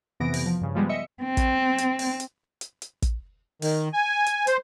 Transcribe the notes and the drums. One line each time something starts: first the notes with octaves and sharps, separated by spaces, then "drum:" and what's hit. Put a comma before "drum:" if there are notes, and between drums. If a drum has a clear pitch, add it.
F2 C3 E3 B3 A#6 D7
drum: open hi-hat
F3
G2 C#3
F3 G3 G#3 B3
D#5 E5 C#7
C4
drum: kick, hi-hat
drum: hi-hat
drum: open hi-hat
drum: hi-hat
drum: hi-hat
drum: hi-hat
drum: kick, hi-hat
D#3, drum: open hi-hat
G#5
drum: hi-hat
C5, drum: hi-hat